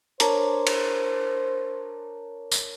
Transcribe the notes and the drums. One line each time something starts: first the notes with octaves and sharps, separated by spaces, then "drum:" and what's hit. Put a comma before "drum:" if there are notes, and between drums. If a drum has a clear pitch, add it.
D4 A#4 C5 C#5, drum: hi-hat
drum: cymbal
drum: tambourine